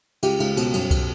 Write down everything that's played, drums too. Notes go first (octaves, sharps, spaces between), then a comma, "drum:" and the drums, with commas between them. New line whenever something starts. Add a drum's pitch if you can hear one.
C#2 G4, drum: cymbal
C#2, drum: cymbal
B2, drum: cymbal
F#2, drum: cymbal
drum: kick C2, cymbal